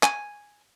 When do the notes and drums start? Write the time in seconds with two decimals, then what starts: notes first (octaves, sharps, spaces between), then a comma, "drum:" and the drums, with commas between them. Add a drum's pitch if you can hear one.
0.03 G#5, drum: clap